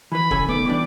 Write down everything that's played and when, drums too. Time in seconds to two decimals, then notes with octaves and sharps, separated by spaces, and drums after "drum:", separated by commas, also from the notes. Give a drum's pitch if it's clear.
0.12 E3 B4 B5
0.31 F2 C#3 A4 G#5, drum: kick
0.49 B1 D#3 A3 B3 D6
0.65 E3 G3 D4